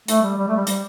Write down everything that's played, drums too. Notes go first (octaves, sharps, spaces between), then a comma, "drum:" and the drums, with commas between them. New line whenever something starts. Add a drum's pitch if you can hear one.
A3, drum: hi-hat
G3
G3
A3
G3
G3, drum: hi-hat